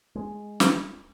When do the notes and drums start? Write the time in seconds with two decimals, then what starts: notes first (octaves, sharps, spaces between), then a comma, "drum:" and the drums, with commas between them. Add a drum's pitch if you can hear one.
0.15 G#3
0.60 drum: snare